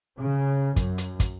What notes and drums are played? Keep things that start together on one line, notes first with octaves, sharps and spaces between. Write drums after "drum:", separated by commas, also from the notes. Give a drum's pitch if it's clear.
C#3
F#2, drum: kick, hi-hat
drum: hi-hat
drum: kick, hi-hat